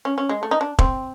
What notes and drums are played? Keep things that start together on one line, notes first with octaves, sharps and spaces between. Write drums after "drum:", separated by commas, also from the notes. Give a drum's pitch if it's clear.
C#4
C#4
G#3
A3
D#4
D4
C4, drum: kick